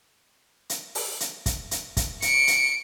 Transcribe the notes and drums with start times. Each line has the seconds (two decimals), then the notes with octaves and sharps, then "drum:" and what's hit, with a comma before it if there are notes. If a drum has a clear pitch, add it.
0.70 drum: hi-hat
0.95 drum: open hi-hat
1.20 drum: hi-hat
1.46 drum: kick, hi-hat
1.71 drum: hi-hat
1.97 drum: kick, hi-hat
2.22 C#7 D7, drum: hi-hat
2.47 drum: hi-hat